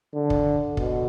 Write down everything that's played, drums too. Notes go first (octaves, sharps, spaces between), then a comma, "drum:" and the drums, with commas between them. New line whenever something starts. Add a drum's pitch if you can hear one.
D3
drum: kick
B2, drum: kick